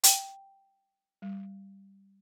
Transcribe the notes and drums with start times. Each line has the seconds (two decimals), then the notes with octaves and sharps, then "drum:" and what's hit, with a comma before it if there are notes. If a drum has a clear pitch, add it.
0.04 G5, drum: hi-hat
1.22 G3